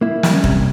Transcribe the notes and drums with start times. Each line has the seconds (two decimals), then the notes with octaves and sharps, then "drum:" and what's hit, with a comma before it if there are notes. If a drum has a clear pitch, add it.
0.01 A#3 E4
0.23 G3, drum: snare
0.33 C#4
0.44 C3, drum: kick